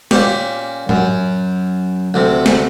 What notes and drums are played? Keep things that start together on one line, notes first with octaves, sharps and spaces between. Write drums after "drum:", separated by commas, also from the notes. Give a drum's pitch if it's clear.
A#2 C#4 G4, drum: snare
F#2, drum: tom
D2 C3
drum: snare